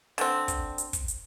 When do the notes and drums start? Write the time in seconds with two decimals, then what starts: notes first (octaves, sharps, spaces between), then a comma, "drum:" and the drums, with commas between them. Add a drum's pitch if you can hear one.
0.18 D3 C4, drum: open hi-hat
0.48 drum: kick, hi-hat
0.78 drum: hi-hat
0.93 drum: kick, hi-hat
1.08 drum: hi-hat